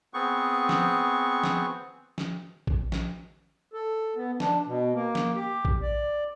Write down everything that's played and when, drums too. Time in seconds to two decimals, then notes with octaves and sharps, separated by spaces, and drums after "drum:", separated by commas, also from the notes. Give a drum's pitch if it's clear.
0.14 B3 C4 G#4 C#6
0.69 drum: snare
1.43 drum: snare
2.18 drum: snare
2.67 drum: kick A#1
2.92 drum: snare
3.73 A4
4.16 B3
4.40 D4, drum: snare
4.66 B2
4.94 A#3
5.15 drum: snare
5.35 G4
5.65 drum: kick A#1
5.82 D5